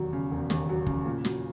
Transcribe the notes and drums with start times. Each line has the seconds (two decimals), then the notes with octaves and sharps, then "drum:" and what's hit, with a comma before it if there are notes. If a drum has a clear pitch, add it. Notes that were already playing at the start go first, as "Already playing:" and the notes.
Already playing: E1 D#2 F#3
0.13 C#3
0.31 E1
0.50 D#2, drum: snare
0.69 F#3
0.87 C#3, drum: kick
1.05 A#2
1.25 F#3, drum: snare